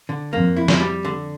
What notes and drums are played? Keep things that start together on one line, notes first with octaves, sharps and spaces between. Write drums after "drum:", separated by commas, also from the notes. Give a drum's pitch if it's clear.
D3
F2 A#3
E4
drum: snare
G3
D3